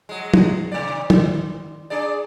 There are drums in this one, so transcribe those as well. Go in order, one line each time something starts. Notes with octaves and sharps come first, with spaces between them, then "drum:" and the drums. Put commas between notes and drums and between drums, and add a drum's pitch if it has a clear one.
F#3 G#3
drum: tom
C3 D5
D#3, drum: tom
D4 G#4 D5